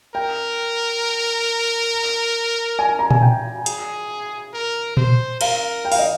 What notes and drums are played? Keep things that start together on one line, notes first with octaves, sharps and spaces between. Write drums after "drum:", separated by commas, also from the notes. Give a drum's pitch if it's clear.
A#4 G5
G#5
A#5
G#5, drum: tom A#2
G5
G#4, drum: hi-hat
A#4
C5, drum: tom A#2
A#4 F5, drum: cymbal
G5
F5, drum: open hi-hat
D#5